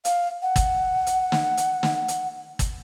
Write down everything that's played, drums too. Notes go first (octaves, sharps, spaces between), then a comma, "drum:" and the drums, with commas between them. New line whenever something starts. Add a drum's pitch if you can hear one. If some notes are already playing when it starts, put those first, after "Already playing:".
F5, drum: hi-hat
F#5
drum: kick G1, hi-hat
drum: hi-hat
drum: snare
drum: hi-hat
drum: snare
drum: hi-hat
drum: kick G1, hi-hat